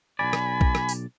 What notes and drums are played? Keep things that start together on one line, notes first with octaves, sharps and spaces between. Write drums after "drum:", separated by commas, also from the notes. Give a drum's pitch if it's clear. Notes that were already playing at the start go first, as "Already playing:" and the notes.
B1 F#2 D5 G#5 B5
drum: rim click
drum: kick A#1
drum: rim click
drum: tambourine